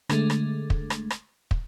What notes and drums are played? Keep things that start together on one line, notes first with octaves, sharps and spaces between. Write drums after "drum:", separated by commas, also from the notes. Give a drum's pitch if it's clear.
D3 G#3 A3, drum: rim click
drum: rim click
drum: kick
drum: rim click
drum: rim click
drum: kick